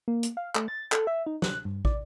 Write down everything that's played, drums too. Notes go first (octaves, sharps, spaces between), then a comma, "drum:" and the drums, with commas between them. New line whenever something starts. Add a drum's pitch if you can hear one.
A#3
drum: hi-hat
F5
A3, drum: clap
A6
A4, drum: clap
E5
D#4
F#6, drum: snare
G2
D5, drum: kick